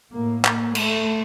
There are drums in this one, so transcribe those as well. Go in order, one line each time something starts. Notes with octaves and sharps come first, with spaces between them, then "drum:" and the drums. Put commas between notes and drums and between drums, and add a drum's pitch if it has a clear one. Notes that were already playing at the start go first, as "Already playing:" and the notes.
A2 A#3
A#3, drum: clap
A3, drum: cymbal